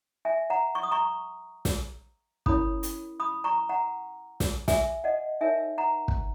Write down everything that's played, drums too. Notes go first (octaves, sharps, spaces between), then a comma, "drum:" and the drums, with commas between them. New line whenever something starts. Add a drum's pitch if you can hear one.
E5 G#5
F#5 A#5
C#6
D#6
A#5 C#6
drum: snare
C#4 E4 A#4 C#5 B5 D#6, drum: kick
drum: hi-hat
B5 D#6
A#5 C#6
F#5 A#5
drum: snare
E5 G#5, drum: snare
D#5 F#5
D#4 A#4 C#5 E5 G#5
F#5 A#5
drum: kick